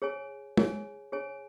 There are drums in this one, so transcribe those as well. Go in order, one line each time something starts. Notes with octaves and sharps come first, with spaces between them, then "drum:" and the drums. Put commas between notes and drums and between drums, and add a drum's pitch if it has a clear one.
G#4 C#5 G#5
G#4 C#5 G#5, drum: tom
G#4 C#5 G#5